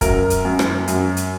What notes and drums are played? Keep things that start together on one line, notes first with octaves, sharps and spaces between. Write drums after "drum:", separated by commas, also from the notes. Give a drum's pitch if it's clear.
F#2 A#4, drum: kick, hi-hat
drum: hi-hat
F#2
drum: rim click
F#2, drum: hi-hat
drum: hi-hat